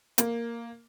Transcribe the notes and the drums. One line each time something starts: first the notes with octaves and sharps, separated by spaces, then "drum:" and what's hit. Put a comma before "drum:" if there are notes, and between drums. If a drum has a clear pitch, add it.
A#3, drum: hi-hat